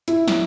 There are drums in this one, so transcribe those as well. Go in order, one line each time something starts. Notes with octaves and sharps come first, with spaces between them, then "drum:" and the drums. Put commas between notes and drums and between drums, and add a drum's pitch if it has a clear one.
E4, drum: hi-hat
drum: snare